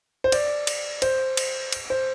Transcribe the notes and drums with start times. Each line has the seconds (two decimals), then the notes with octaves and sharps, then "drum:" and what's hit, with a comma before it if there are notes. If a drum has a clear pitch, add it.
0.24 C5
0.32 D5, drum: cymbal
0.67 drum: cymbal
1.02 C5, drum: cymbal
1.37 drum: cymbal
1.72 drum: cymbal
1.90 C5